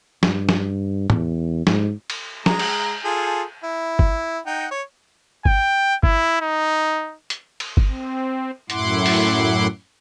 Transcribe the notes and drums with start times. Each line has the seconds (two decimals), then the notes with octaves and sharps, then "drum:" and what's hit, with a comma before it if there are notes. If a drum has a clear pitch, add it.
0.23 G2, drum: snare
0.49 drum: snare
1.10 E2, drum: tom
1.67 G#2, drum: snare
2.10 drum: cymbal
2.46 G#3 A#5, drum: snare
2.59 drum: cymbal
3.05 F4 G#4 A4
3.63 E4
3.99 drum: kick
4.46 D#4 F#5 G5
4.71 C#5
5.45 G5, drum: kick
6.03 E4, drum: kick
6.42 D#4
7.30 drum: hi-hat
7.60 drum: cymbal
7.77 drum: kick
7.88 C4
8.70 F#2 A2 E4 F#5 C6 D6, drum: hi-hat
9.06 drum: open hi-hat